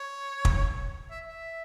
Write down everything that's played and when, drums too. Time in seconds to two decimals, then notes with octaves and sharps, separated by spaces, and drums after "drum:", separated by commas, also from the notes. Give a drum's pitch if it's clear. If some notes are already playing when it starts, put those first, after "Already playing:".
Already playing: C#5
0.45 drum: kick
1.11 E5
1.28 E5